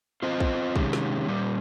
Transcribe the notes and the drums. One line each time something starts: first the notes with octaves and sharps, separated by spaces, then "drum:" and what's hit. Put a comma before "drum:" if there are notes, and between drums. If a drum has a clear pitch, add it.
C4 F4 C5 D#5
drum: kick
C3 D#3 G#3 C#4 G4, drum: kick
drum: snare
A#2 G3 A#3